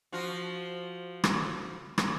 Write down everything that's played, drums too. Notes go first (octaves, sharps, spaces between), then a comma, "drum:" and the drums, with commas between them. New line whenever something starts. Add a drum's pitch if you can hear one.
F3 F4 F#4
drum: rim click
drum: rim click